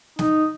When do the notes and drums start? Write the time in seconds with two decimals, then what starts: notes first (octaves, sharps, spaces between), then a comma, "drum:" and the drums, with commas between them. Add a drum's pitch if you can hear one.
0.19 D#4, drum: snare